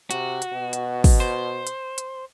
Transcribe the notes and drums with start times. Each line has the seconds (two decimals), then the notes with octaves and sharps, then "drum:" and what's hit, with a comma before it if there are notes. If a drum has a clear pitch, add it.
0.11 C3 F#4, drum: hi-hat
0.42 drum: hi-hat
0.53 B2
0.73 drum: hi-hat
1.04 drum: kick, open hi-hat
1.20 C5
1.67 drum: hi-hat
1.98 drum: hi-hat